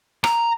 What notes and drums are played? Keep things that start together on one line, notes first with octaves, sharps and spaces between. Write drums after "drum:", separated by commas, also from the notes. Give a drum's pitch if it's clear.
A#5, drum: rim click